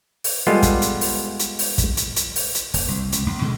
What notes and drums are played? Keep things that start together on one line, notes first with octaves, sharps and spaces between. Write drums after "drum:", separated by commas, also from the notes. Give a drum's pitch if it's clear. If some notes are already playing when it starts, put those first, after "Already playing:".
drum: open hi-hat
G3 G#3 B3 F4 A4
drum: kick, hi-hat
drum: hi-hat
drum: open hi-hat
drum: hi-hat
drum: open hi-hat
drum: kick, hi-hat
drum: hi-hat
drum: hi-hat
drum: open hi-hat
drum: hi-hat
F#1, drum: open hi-hat
C2
C#2, drum: hi-hat
C#2
B2 D3 G#3